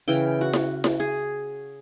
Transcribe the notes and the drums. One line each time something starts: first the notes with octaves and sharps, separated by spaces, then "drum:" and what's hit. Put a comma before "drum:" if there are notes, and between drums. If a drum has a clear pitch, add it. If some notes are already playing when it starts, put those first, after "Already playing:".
C#3 E3 G5
F#4
drum: snare E4
drum: snare E4
G#4